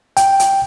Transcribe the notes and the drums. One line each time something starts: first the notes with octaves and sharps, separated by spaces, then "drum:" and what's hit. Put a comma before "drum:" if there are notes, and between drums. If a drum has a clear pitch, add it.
G5, drum: hi-hat
drum: hi-hat